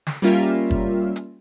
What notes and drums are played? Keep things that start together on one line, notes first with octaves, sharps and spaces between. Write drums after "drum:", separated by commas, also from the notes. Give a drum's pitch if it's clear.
drum: snare
G3 A#3 C#4 F4 A#4 E5
drum: kick
drum: hi-hat